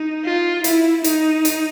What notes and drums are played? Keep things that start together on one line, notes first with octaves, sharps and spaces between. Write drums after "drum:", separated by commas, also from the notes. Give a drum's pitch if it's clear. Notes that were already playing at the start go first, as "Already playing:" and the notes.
Already playing: D#4
F4
E4, drum: hi-hat
D#4, drum: hi-hat
drum: hi-hat